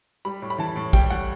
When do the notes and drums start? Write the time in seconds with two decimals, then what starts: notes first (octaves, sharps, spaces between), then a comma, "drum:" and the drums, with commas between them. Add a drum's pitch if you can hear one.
0.25 G3 B5
0.42 A2
0.50 B5
0.58 E3 A5
0.76 A2
0.93 G3 G5, drum: kick
1.10 A2 F#5